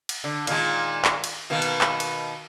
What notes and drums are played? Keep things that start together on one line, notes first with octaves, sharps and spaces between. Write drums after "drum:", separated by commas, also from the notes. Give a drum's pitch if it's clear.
drum: cymbal
D3
A#2 D#3 G#3, drum: cymbal
drum: clap
drum: cymbal
B2 D#3 A#3
drum: cymbal
drum: clap
drum: cymbal